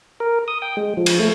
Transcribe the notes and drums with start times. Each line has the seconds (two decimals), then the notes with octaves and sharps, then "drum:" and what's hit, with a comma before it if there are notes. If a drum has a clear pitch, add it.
0.20 A#4
0.48 D#6
0.62 G5
0.77 G#3
0.97 F3
1.06 drum: cymbal
1.19 A3